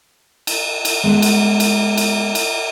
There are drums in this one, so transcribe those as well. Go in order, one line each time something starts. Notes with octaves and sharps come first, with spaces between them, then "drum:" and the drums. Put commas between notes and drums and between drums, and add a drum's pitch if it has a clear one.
drum: cymbal
drum: cymbal
G#3 B3 F#5
drum: cymbal
drum: cymbal
drum: cymbal
drum: cymbal